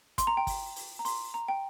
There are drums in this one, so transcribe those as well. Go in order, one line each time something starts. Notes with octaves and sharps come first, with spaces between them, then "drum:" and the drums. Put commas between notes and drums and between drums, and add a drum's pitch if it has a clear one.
C6, drum: kick, hi-hat
A#5
G5
drum: kick, open hi-hat
drum: open hi-hat
A#5
C6, drum: open hi-hat
A#5
G5